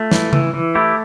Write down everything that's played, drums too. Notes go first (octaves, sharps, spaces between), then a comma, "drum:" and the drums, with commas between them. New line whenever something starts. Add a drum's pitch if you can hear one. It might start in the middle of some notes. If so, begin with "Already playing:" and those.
Already playing: A3 F4
E3, drum: snare
E3, drum: tom C#3
E3
A3 E4 G4